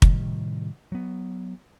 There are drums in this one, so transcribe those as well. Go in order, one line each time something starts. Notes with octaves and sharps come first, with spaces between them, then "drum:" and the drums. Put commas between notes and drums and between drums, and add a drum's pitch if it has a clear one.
A2 C3 D#3 G3, drum: kick
F#3 B3